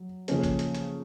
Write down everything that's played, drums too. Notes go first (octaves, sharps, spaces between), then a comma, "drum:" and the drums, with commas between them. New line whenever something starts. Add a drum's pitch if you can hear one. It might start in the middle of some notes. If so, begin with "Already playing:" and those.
Already playing: F#3
C#3 F3 A#3 C#4 A4, drum: hi-hat
drum: kick A1, hi-hat
drum: hi-hat
drum: hi-hat